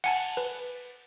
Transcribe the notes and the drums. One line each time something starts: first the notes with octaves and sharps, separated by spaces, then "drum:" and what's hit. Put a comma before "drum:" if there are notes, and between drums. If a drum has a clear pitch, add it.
F#5 G#5 A5, drum: cymbal
B4